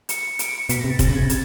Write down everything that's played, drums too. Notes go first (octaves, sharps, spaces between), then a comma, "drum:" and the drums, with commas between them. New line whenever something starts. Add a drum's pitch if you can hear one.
C#7, drum: hi-hat
D7, drum: hi-hat
C#7
B2 B6, drum: hi-hat
A#6
C3
A6
C3 A#6, drum: kick, hi-hat
C#3 A6
G#6
C3 A6
drum: hi-hat